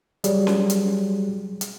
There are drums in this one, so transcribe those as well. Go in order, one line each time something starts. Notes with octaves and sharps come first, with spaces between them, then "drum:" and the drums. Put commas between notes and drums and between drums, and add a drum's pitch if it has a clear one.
F#3 G3 G#4, drum: hi-hat
drum: snare C#4
drum: hi-hat
drum: hi-hat